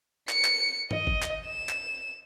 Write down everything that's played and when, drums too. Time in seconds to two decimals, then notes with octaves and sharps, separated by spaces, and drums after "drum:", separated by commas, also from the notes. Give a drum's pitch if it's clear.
0.29 C#7, drum: clap
0.45 drum: clap
0.91 D#5, drum: tom
1.07 drum: kick
1.23 drum: clap
1.47 E7
1.69 drum: clap